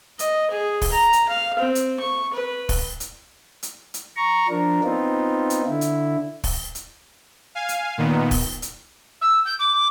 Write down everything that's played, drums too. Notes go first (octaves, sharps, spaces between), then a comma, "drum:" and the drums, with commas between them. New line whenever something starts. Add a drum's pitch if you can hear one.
D#5, drum: hi-hat
G#4
drum: kick, open hi-hat
A#5
drum: hi-hat
F5
C4
drum: hi-hat
C#6
B4
drum: kick, open hi-hat
drum: hi-hat
drum: hi-hat
drum: hi-hat
A#5 C#6
F3 D4 A#4
B3 C4 D#4 F4
drum: hi-hat
D3 E4
drum: hi-hat
drum: kick, open hi-hat
drum: hi-hat
F5 G#5
drum: hi-hat
A#2 D#3 B3
drum: kick, open hi-hat
drum: hi-hat
E6
G6
D6